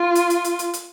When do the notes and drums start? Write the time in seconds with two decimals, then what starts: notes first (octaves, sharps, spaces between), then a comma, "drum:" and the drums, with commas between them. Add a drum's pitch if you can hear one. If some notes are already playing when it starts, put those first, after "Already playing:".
Already playing: F4
0.15 drum: hi-hat
0.30 drum: hi-hat
0.45 drum: hi-hat
0.59 drum: hi-hat
0.74 drum: hi-hat